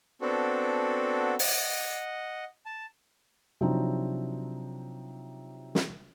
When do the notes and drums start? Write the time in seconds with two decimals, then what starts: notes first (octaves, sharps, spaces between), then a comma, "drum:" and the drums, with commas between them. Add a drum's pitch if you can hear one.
0.21 B3 C4 D4 F#4 A4
1.39 D#5 F#5, drum: open hi-hat
2.66 A5
3.61 C3 F3 F#3 C4 D4 D#4
5.75 drum: snare